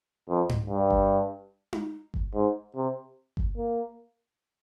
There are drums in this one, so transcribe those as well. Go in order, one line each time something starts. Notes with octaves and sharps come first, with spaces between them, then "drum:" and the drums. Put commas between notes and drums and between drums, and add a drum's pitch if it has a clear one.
F2
drum: tom G#2
G2
drum: kick G1
drum: tom D#4
drum: kick G1
G#2
C3
drum: kick G1
A#3